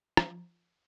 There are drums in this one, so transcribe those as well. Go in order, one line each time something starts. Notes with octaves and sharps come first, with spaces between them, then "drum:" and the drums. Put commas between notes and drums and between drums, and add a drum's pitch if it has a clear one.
F3, drum: rim click